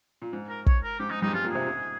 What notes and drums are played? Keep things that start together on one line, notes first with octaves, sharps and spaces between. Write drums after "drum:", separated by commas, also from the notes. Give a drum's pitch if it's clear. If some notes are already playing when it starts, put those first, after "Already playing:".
A#2
G#2
A#4
C#5, drum: kick
A#4
G#2 G4
G#2 D#4
G2 G3 D#4
G#3
G2 G3 F4
A#2 A#3
C3 C4 G#4
G#2 G#3